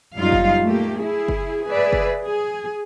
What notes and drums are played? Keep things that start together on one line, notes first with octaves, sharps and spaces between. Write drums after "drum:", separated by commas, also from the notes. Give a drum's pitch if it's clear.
F#2 A#2 G3 D#4 F4 F5
drum: kick F#1
A3 A#3 G4
E4 G#4
drum: kick F#1
G#4 B4 D5 E5
drum: kick F#1
G#4